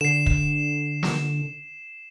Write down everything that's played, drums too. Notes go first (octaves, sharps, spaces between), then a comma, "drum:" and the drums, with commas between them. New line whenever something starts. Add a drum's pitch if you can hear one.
D3 C7 E7
drum: kick
drum: snare